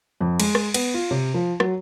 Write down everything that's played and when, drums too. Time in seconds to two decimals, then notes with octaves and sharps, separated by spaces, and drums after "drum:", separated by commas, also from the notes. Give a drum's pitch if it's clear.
0.21 F2
0.40 G#3, drum: cymbal
0.55 drum: rim click
0.74 B3, drum: cymbal
0.94 F4
1.11 C3
1.34 F3
1.60 F#3, drum: rim click